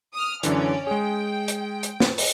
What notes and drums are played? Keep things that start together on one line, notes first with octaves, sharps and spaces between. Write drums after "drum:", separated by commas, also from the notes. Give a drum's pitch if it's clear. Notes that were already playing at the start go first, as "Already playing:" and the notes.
D#6 F6
F#2 D3 E3 C#4 D5, drum: hi-hat
G#3 G#4 G5
drum: hi-hat
drum: hi-hat
drum: snare
drum: open hi-hat